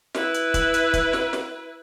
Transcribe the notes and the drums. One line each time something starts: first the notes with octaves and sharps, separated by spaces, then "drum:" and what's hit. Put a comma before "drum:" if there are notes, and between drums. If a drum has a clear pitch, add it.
E4 B4, drum: snare
drum: hi-hat
drum: kick, hi-hat
drum: hi-hat
drum: kick, hi-hat
drum: snare
drum: snare